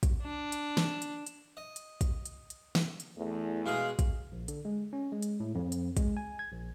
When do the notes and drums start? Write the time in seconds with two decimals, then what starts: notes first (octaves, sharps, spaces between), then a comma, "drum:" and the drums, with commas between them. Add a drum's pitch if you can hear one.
0.03 drum: kick, hi-hat
0.23 D4
0.52 drum: hi-hat
0.77 drum: snare
1.02 drum: hi-hat
1.27 drum: hi-hat
1.57 D#5
1.76 drum: hi-hat
2.01 drum: kick, hi-hat
2.26 drum: hi-hat
2.50 drum: hi-hat
2.75 drum: snare
3.00 drum: hi-hat
3.17 E2 E3 A3
3.66 B2 G#3 G#4 F5
3.99 drum: kick, hi-hat
4.32 A#1
4.48 D3, drum: hi-hat
4.65 G#3
4.93 C#4
5.12 G#3
5.22 drum: hi-hat
5.40 A2
5.55 F2
5.72 drum: hi-hat
5.97 G#3, drum: kick, hi-hat
6.17 G#5
6.39 G#6
6.52 A#1